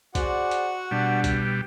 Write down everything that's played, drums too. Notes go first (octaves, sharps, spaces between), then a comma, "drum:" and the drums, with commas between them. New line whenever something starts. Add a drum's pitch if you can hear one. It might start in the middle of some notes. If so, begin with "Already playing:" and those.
F#4 G#4 C5 D5 F#5, drum: kick, hi-hat
drum: hi-hat
B2 G3 D4
drum: kick, hi-hat